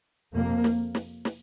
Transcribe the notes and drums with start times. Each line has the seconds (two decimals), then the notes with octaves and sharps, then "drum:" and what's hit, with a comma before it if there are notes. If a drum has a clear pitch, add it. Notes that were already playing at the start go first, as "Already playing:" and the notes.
0.33 F2 C3 A#3
0.64 drum: snare
0.95 drum: snare
1.25 drum: snare